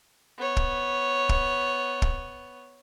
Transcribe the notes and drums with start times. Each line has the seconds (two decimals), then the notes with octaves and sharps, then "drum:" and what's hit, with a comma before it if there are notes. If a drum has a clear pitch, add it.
0.38 B3 C#5
0.57 drum: kick
1.29 drum: kick
2.02 drum: kick